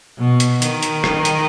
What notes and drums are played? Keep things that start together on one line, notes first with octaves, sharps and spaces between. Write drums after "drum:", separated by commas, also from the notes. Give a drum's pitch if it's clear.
B2
drum: hi-hat
D#3, drum: hi-hat
drum: hi-hat
drum: rim click
drum: hi-hat